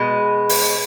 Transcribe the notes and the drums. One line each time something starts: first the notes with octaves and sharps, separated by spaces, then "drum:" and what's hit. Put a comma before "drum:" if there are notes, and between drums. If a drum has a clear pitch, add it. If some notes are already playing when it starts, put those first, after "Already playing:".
Already playing: B2 G#3
drum: open hi-hat